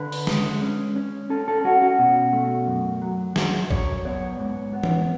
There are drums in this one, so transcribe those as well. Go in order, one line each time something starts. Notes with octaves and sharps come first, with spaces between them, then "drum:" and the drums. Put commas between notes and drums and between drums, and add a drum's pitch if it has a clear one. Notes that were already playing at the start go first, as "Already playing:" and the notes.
Already playing: D3 B4
drum: open hi-hat
G#3, drum: snare
C#4
C#4
C#4 A4
A4
C#4 F#4
F#4
B2
A3
F#2
F#3
F#3 G#4, drum: snare
F#2 C#5, drum: kick
B3 C#5
G#2
B3
drum: tom E3